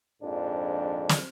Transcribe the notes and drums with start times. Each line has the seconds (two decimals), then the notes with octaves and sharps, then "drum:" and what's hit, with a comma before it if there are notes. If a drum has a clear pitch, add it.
0.23 A#1 F2 G#2 D4
1.09 drum: snare